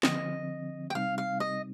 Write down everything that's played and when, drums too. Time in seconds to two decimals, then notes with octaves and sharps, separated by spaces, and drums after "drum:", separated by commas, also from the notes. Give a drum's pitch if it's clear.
0.03 D3 F3 C4 D#5, drum: snare
0.90 G5
0.95 C3 G3 C4 D#4 F5
1.18 F5
1.40 D#5